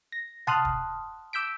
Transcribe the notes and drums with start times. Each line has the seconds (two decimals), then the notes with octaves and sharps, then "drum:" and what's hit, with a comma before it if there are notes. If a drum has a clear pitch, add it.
0.12 A#6
0.47 F#5 A5 C6 D#6 F6 F#6, drum: tom C3
0.65 drum: kick
1.33 D6 E6 G6 B6 D7